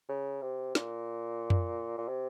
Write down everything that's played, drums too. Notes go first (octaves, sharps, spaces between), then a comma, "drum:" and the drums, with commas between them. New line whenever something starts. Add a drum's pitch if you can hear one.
C#3
C3
A#2, drum: snare
drum: tom F2
A#2
C3